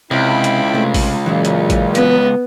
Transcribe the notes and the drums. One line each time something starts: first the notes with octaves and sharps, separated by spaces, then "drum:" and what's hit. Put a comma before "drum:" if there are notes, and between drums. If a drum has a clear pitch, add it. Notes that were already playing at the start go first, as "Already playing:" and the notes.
C#2 C3 E4 G5 B5
drum: hi-hat
C3 A3 C4
drum: kick A1, open hi-hat
A#2 C#3 E3 F#3 E4
drum: hi-hat
drum: kick A1, hi-hat
B3, drum: hi-hat